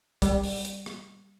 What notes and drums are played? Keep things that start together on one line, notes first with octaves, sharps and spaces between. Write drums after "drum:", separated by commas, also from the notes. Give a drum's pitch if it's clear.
G3, drum: kick, hi-hat
drum: open hi-hat
drum: hi-hat
drum: rim click